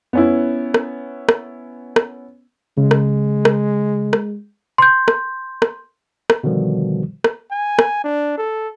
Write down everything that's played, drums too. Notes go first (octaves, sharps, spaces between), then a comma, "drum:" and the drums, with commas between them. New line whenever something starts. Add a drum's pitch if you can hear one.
B3 C#4 E4
drum: rim click
drum: rim click
drum: rim click
C#3 G#3
drum: rim click
drum: rim click
drum: rim click
C6 G6
drum: rim click
drum: rim click
drum: rim click
B2 D3 D#3 F3 G3
drum: rim click
G#5
drum: rim click
D4
A4